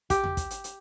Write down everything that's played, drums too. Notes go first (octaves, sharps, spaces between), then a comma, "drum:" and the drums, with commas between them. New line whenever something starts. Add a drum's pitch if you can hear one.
G4, drum: kick, hi-hat
drum: tom E2
drum: kick, hi-hat
drum: hi-hat
drum: hi-hat